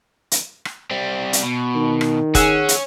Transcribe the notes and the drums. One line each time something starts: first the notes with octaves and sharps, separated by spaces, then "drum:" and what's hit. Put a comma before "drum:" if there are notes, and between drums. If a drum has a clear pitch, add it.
drum: hi-hat
drum: rim click
G3 C4
drum: hi-hat
B2
D#3
drum: rim click
C#4 G#4 F#5 E6, drum: kick, hi-hat
drum: hi-hat